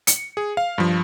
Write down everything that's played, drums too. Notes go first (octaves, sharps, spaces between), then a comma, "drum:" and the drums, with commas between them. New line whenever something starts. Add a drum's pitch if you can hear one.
C#7, drum: hi-hat
G#4
F5
G2 F3